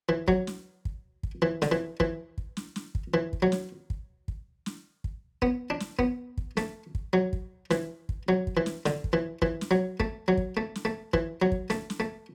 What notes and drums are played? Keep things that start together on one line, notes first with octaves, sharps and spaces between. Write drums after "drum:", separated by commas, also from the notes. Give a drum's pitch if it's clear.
E3
F#3, drum: kick
drum: snare
drum: kick
drum: kick
E3
D3, drum: snare
E3
E3, drum: kick
drum: kick
drum: snare
drum: snare
drum: kick
E3
drum: kick
F#3
drum: snare
drum: kick
drum: kick
drum: snare
drum: kick
B3, drum: kick
D4
drum: snare
B3, drum: kick
drum: kick
A3, drum: snare
drum: kick
F#3
drum: kick
E3, drum: snare
drum: kick
F#3
drum: kick
E3
drum: snare
D3, drum: snare
drum: kick
E3
E3, drum: kick
drum: snare
F#3
A3, drum: kick
F#3
drum: kick
A3
drum: snare
A3
E3, drum: kick
F#3
drum: kick
A3, drum: snare
drum: snare
A3